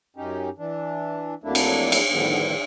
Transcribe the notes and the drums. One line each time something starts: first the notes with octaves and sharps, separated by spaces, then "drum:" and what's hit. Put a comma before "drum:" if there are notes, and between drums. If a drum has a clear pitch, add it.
F#2 C#4 D#4 G4
E3 D4
F2 F#3 A3 A#3 D4 E4
drum: cymbal
drum: cymbal
A2 D3 D#3 F3 G3 B3